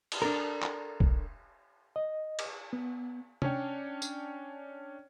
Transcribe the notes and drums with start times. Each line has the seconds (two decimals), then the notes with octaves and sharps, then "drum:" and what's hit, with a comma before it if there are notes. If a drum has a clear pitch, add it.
0.12 drum: cymbal
0.22 D4 A4 A#4
0.62 drum: clap
1.00 drum: kick
1.96 D#5
2.39 drum: cymbal
2.73 B3
3.42 C#4 D4 C#5 G5, drum: tom C3
4.02 drum: tambourine